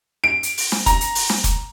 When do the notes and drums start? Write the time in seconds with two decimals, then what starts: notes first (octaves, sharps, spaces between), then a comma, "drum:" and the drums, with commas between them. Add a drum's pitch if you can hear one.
0.24 D7
0.43 drum: hi-hat
0.57 drum: open hi-hat
0.72 drum: snare
0.86 A#5, drum: kick F1, hi-hat
1.01 drum: hi-hat
1.15 drum: open hi-hat
1.30 drum: snare
1.44 drum: kick F1, hi-hat